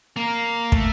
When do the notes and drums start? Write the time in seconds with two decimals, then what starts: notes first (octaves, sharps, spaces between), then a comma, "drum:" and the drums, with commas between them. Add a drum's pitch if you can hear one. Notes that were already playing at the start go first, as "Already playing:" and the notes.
0.17 A#3
0.72 A3, drum: kick